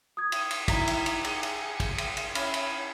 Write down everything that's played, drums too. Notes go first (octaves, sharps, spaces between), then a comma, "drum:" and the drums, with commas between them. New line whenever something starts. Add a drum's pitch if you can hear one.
D#6 G#6
drum: cymbal
drum: cymbal
D#4 E4 A#5 B6, drum: kick, cymbal
drum: cymbal
drum: cymbal
G#4 C#7, drum: cymbal
drum: cymbal
drum: kick, cymbal
drum: cymbal
drum: cymbal
C#4 E4 E5 B5 F6, drum: cymbal
drum: cymbal